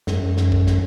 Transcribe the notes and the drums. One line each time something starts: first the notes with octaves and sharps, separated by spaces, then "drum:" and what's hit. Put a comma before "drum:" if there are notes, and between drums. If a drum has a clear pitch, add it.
F#2, drum: snare
drum: snare
drum: kick A1
drum: snare